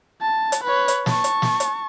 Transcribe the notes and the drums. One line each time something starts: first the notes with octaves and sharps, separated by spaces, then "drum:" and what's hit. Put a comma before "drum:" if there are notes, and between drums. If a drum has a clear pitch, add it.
A5
drum: hi-hat
B4 C#5
drum: hi-hat
A5 C#6, drum: snare
drum: hi-hat
drum: snare
drum: hi-hat